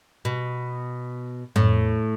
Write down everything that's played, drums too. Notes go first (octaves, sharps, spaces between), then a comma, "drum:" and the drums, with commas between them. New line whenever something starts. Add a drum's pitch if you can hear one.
B2
A2, drum: tom